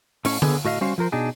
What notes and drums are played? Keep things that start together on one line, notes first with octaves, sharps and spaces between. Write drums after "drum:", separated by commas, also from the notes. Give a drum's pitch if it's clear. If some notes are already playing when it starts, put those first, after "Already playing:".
A2 C#4 C#5, drum: open hi-hat
D3 B3 G#4, drum: tom D3
A2 F#4 D#5 F5
G3 C#4 F#4 C5 F5
F3 F4 A#4 C5
B2 D4 D#4 G#4